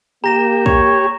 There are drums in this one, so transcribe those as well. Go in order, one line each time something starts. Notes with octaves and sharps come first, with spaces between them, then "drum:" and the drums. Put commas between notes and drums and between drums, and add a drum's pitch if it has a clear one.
A#3 G4 A#5 A#6 E7
C#5, drum: kick